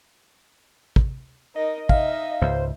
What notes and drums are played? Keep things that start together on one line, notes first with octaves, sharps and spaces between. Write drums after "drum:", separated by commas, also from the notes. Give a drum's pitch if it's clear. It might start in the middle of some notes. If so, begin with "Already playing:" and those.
drum: kick
D#4 A#4 D#5
D#4 E5 F5, drum: kick
C#2 G#2 C5